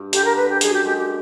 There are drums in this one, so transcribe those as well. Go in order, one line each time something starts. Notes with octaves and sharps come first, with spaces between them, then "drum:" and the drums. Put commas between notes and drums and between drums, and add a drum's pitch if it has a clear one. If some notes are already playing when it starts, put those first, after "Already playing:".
Already playing: G2
D3 G4, drum: hi-hat
A#4
D3 B4
G4
F#2 G#4, drum: hi-hat
G4
G#3 G4
G4